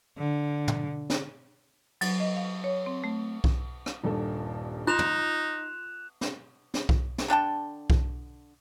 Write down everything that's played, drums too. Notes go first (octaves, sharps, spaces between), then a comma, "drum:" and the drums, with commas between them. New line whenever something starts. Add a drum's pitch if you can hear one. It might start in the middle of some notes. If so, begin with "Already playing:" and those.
D3
drum: tom
drum: snare
F#3, drum: cymbal
D#5
F5
C#5
C4
A3
drum: kick B1
drum: rim click
D#1 G2 A4
D#4 F4 C6 F#6 E7 F7
drum: tom
drum: snare
drum: snare
drum: kick B1
drum: snare
D3 D4 G5 A5
drum: kick B1